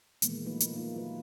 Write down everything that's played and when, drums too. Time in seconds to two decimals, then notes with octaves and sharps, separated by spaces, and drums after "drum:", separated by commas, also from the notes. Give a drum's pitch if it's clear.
0.22 A#2 D#3 E3 G#3 A#3 B3, drum: hi-hat
0.45 F3 A3 A#3 D#4 B4
0.60 drum: hi-hat
0.75 A#3 D#4 F4
0.94 F#3 F4 B4